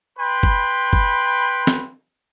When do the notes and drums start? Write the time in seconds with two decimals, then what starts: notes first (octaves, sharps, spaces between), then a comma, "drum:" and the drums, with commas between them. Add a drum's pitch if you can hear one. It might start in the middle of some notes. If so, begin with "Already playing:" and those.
0.18 B4 G5 B5 C6
0.43 drum: kick
0.93 drum: kick
1.67 drum: snare